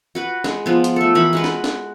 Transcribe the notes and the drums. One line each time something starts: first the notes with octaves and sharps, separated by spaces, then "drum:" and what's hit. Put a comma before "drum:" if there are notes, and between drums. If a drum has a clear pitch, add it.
F#4 B4
G#3, drum: snare
F3 B3
drum: hi-hat
A3 A4
E3 A#4 B5
G#3 F#4 B4
drum: snare
drum: snare